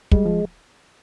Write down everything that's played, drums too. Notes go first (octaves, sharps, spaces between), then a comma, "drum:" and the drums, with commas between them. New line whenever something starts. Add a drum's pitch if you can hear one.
G3 G#3, drum: kick
F3